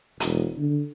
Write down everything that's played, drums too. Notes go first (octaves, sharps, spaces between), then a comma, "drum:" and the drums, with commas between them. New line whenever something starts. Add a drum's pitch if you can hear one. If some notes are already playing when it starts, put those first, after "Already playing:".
E1, drum: hi-hat
D3